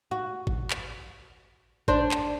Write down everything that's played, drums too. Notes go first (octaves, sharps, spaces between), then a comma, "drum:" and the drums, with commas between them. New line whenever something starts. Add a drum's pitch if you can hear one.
F#4
drum: kick
drum: clap
D4 C5, drum: kick
drum: clap